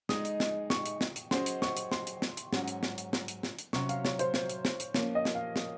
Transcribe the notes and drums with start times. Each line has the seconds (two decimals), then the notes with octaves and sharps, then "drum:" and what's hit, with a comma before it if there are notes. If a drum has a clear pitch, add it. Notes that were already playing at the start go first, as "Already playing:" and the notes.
0.09 G#3 D#4 G#4 D#5 D#6, drum: snare
0.25 drum: hi-hat
0.40 drum: snare
0.70 C#6, drum: snare
0.86 drum: hi-hat
1.01 drum: snare
1.16 drum: hi-hat
1.31 F#3 C#4 G#4 C5 D#5 C6, drum: snare
1.46 drum: hi-hat
1.62 C#6, drum: snare
1.77 drum: hi-hat
1.92 C6, drum: snare
2.07 drum: hi-hat
2.22 drum: snare
2.37 drum: hi-hat
2.53 G#2 F#3 C#4, drum: snare
2.68 drum: hi-hat
2.83 drum: snare
2.98 drum: hi-hat
3.13 drum: snare
3.28 drum: hi-hat
3.43 drum: snare
3.59 drum: hi-hat
3.73 C3 F#3 C#4 C#6, drum: snare
3.89 F5, drum: hi-hat
4.05 C#5, drum: snare
4.19 C5, drum: hi-hat
4.34 C5, drum: snare
4.50 drum: hi-hat
4.65 drum: snare
4.80 drum: hi-hat
4.94 F3 A#3 C#4 C#5, drum: snare
5.15 D#5
5.25 drum: snare
5.35 F5
5.56 drum: snare